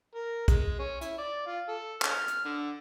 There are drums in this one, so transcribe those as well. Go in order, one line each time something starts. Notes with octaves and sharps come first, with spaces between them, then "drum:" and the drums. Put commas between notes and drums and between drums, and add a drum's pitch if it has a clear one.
A#4
G#3, drum: kick B1, hi-hat
C#4
E4, drum: hi-hat
D5
F4
A4
F6, drum: clap
drum: hi-hat
D3